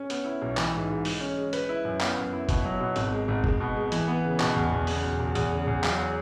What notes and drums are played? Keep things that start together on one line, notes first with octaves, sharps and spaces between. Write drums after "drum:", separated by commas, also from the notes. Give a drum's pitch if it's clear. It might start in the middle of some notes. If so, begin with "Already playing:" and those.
Already playing: C#4
B3, drum: hi-hat
E4
B1
E3, drum: clap
G#2
G#2
G#3, drum: open hi-hat
C#4
G#3
B4, drum: hi-hat
E4
F#2
B3, drum: clap
F#2
E4
B2, drum: kick F#1, hi-hat
F#3
B2
G#1, drum: hi-hat
G#3
G#1
G#3, drum: kick F#1
B2
G#3
E3, drum: hi-hat
B3
C#3
B2, drum: clap
E2
E2
C#3, drum: open hi-hat
E1
E1
E2, drum: hi-hat
C#3
E2
F#3, drum: clap
G#4